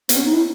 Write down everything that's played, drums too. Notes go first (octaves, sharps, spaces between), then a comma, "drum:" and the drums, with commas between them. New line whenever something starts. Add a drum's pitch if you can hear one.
B3, drum: hi-hat
C#4
D#4
E4